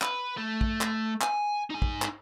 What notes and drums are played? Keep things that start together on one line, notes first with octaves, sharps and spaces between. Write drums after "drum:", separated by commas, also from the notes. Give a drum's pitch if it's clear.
B4, drum: clap
A3
drum: kick
drum: clap
G#5, drum: clap
D#4 G#5
drum: kick
drum: clap